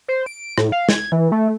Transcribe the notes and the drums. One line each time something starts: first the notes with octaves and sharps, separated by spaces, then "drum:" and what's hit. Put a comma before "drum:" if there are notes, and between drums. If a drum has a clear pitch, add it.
C5
D7
A2, drum: rim click
F5
G#6, drum: snare
E3
A3